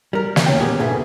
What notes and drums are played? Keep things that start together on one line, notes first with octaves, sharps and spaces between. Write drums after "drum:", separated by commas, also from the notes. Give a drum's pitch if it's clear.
G3 A#4
drum: snare
D#2 F3 C#4 G5
A#2 B3 G4 G#4
D2 G#2 B2 A3 G#4